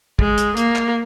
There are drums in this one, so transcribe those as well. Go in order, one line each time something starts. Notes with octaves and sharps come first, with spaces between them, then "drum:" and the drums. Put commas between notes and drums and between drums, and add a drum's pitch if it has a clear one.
G#3, drum: kick
drum: hi-hat
A#3, drum: hi-hat
drum: clap